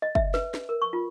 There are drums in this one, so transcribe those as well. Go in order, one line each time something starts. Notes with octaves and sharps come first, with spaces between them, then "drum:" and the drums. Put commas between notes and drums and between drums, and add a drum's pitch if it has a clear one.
D#5
E5, drum: kick F#1
B4, drum: snare
drum: snare
A#4
C#6
F4